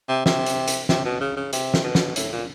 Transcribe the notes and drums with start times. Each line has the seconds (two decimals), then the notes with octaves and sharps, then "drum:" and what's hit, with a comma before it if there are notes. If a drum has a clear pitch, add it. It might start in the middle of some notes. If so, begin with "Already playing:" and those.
0.09 C3
0.26 C3, drum: snare
0.46 drum: hi-hat
0.68 drum: hi-hat
0.89 C3, drum: snare
1.05 B2
1.21 C#3
1.37 C#3
1.53 C3, drum: hi-hat
1.74 drum: snare
1.84 B2
1.95 drum: snare
2.16 A2, drum: hi-hat
2.33 A#2